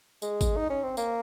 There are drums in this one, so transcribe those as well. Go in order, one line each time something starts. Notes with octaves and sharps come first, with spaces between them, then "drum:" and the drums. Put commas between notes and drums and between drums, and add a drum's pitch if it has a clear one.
G#3, drum: tambourine
drum: kick G#1, tambourine
D#4
C#4
C4
A#3, drum: tambourine